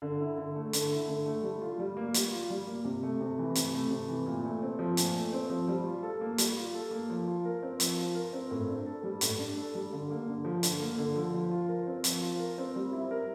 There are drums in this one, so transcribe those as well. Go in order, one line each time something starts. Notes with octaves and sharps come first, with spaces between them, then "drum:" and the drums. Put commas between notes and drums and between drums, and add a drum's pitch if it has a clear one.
D3
E4
D3
A3
D3, drum: hi-hat
E4
D3
A3
G3
F4
G3
A#3
G3, drum: hi-hat
F4
G3
A#3
C3
A3
C3
E3
C3, drum: hi-hat
A3
C3
E3
A#2
A3
C4
F3
A#2, drum: hi-hat
A3
C4
F3
G3
F4
A4
A#3
G3, drum: hi-hat
F4
A4
A#3
F3
F4
A#4
C4
F3, drum: hi-hat
F4
A#4
C4
A2
D4
A4
G3
A2, drum: hi-hat
D4
A4
G3
D3
A#3
D3
F3
D3, drum: hi-hat
A#3
D3
F3
F3
F4
A#4
C4
F3, drum: hi-hat
F4
A#4
C4
G3
E4
A#4